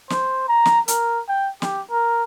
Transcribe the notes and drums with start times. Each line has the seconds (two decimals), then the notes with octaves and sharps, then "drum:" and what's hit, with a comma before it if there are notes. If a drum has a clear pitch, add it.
0.10 C5, drum: snare
0.48 A#5
0.66 drum: snare
0.88 A#4, drum: hi-hat
1.28 G5
1.62 G4, drum: snare
1.91 A#4